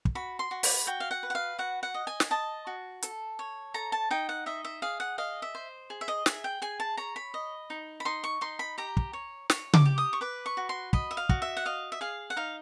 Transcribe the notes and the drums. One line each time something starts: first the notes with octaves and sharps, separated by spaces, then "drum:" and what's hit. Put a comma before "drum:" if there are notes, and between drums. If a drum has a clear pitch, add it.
drum: kick
F#4 B5
C6
F#4
B5, drum: open hi-hat
F#4 G5
F5
F#5
B4
F#5
F5
F#4 F#5
F#5
D#5
G#5
drum: snare
D#5 A5
F#4
A4, drum: hi-hat
C#5
A4 A#5
A5
D#4 G5
F#5
D#5 E5
E5
G#4 F5
F#5
D#5 F5
E5
C5
G#4
E5
D#5
G#4 E5, drum: snare
G5
G#4 G#5
A5
C#5 A#5
B5
D#5
D#4
B5
D#4 C6
C#6
D#4 C6
B5
G4 A#5
drum: kick
C#5
C#5, drum: snare
D6, drum: tom C#3
G4
D#6
C#6
B4 D6
C#6
F#4
C6
D#5 B5, drum: kick
E5
F5
F#4, drum: kick
E5
F#5
D#5 F5
E5
G#4 F5
F#5
D#4 F5